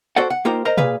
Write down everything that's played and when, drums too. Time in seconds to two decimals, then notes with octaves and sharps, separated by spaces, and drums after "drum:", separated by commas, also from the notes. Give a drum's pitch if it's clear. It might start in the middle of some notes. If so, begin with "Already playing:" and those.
0.16 F#4 A4 C5 D5 F#5
0.30 F#5
0.45 A#3 D#4 F4 G4 A#4 C5
0.65 A#4 C5 D#5 A#5
0.78 A#2 G#4 B4 F5, drum: tom